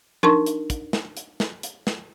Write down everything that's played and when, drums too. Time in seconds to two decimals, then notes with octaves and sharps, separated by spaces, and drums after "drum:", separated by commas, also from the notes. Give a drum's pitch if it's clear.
0.23 D4 D#4 A#4 A5 C6 C#6, drum: tom F3
0.46 drum: hi-hat
0.70 drum: kick, hi-hat
0.93 drum: snare
1.17 drum: hi-hat
1.40 drum: snare
1.63 drum: hi-hat
1.87 drum: snare